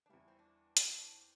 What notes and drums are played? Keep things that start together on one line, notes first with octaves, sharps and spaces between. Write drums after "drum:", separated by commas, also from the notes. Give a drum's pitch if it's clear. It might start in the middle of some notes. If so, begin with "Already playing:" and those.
D4
E2 E3 G3 E4
C4
D4
drum: hi-hat
D4
C4